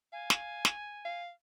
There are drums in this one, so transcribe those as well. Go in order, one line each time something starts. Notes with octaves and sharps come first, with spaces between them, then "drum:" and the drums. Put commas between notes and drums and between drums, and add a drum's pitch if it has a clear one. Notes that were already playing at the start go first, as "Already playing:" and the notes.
F5 G#5
drum: snare
drum: snare
F5